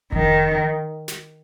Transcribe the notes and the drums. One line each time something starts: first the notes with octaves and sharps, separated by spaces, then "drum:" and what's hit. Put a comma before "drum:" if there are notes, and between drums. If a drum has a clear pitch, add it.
D#3, drum: kick F1
drum: snare